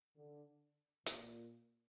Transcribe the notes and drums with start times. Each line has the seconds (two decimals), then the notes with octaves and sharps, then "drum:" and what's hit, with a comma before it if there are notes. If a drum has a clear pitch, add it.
0.17 D3
1.06 A#2, drum: hi-hat